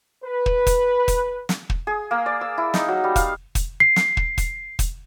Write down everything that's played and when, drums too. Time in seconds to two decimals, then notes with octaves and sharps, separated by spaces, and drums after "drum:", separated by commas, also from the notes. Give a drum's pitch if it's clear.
0.25 B4
0.46 drum: kick
0.67 drum: kick, hi-hat
1.08 drum: kick, hi-hat
1.49 drum: snare
1.70 drum: kick
1.87 G#4
2.11 A#3
2.26 D5
2.41 E6
2.58 E4
2.74 D#4, drum: snare
2.88 F#3
3.04 G3
3.16 F5, drum: kick, hi-hat
3.55 drum: kick, hi-hat
3.80 C7
3.96 drum: snare
4.17 drum: kick
4.38 drum: kick, hi-hat
4.79 drum: kick, hi-hat